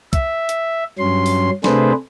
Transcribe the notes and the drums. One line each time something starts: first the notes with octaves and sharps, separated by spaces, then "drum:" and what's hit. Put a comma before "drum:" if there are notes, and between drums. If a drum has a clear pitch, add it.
E5, drum: kick, hi-hat
drum: hi-hat
G2 F#3 C#4 C6
drum: open hi-hat
C3 A3 D4 G#4 B4 C5, drum: snare